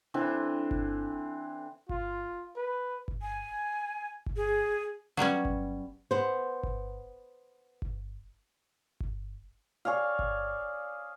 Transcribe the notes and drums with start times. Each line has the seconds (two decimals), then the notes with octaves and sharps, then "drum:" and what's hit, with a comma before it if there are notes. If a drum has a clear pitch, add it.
0.14 D3 E3 C4
0.71 drum: kick G1
1.89 F4, drum: kick G1
2.56 B4
3.08 drum: kick G1
3.22 G#5
4.26 drum: kick G1
4.36 G#4
5.17 F#3 G3 B3 C#4
5.45 drum: kick G1
6.11 B3 C5
6.63 drum: kick G1
7.82 drum: kick G1
9.00 drum: kick G1
9.85 G#4 C#5 D5 F5
10.19 drum: kick G1